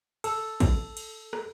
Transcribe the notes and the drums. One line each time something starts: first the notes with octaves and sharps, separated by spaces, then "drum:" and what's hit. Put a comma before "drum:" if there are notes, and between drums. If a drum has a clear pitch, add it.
A4, drum: cymbal
drum: kick, cymbal
drum: cymbal
drum: rim click